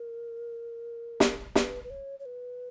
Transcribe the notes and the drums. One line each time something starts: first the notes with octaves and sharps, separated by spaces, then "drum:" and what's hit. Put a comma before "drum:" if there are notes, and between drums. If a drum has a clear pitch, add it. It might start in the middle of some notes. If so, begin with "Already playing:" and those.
Already playing: A#4
drum: snare
B4, drum: snare
B4
C#5
C#5
B4